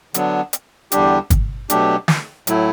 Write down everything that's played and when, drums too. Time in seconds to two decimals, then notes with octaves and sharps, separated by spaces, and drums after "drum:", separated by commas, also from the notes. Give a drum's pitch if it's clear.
0.14 D3 F#3 B3 D4, drum: hi-hat
0.53 drum: hi-hat
0.92 E2 D3 G3 D4 G4, drum: hi-hat
1.30 drum: kick, hi-hat
1.70 B2 F#3 A3 D4 G4, drum: hi-hat
2.08 drum: snare
2.47 A2 F#3 A3 E4, drum: hi-hat